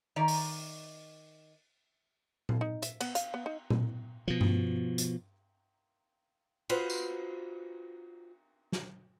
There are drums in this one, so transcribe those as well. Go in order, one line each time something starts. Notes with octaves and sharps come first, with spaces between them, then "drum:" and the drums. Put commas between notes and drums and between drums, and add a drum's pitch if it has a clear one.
D#3 D5 A#5
drum: open hi-hat
drum: tom A#2
D#4
E5, drum: hi-hat
B3, drum: cymbal
F5, drum: hi-hat
B3
D#4
drum: tom A#2
B2 F3
drum: tom G2
drum: hi-hat
F4 F#4 B4 C5, drum: cymbal
drum: tambourine
drum: snare